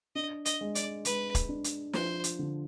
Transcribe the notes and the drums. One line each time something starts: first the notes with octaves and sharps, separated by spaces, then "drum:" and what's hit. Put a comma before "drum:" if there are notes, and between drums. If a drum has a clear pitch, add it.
D4 D#5
D#5, drum: hi-hat
G#3
D5, drum: hi-hat
G#3 B4, drum: hi-hat
drum: kick, hi-hat
D4
drum: hi-hat
F3 C5, drum: snare
drum: hi-hat
D3